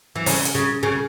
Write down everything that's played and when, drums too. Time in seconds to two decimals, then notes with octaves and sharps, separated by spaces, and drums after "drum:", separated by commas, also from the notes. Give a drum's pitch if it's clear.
0.16 E3
0.26 C#3, drum: open hi-hat
0.45 drum: hi-hat
0.55 C#3
0.83 C#3